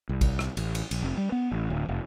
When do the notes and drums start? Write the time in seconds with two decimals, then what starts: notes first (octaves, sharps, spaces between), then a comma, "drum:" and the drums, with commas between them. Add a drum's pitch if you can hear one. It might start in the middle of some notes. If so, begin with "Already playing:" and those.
0.09 C2
0.21 drum: kick A1, cymbal
0.39 drum: rim click
0.57 A1, drum: cymbal
0.75 drum: cymbal
0.91 A#1, drum: cymbal
1.02 F1
1.17 G3
1.32 B3
1.52 A1
1.70 D1
1.89 F1